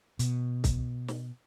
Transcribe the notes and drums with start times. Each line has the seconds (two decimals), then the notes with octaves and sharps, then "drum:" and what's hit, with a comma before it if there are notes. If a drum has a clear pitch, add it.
0.19 B2, drum: hi-hat
0.64 drum: kick C2, hi-hat
1.08 drum: snare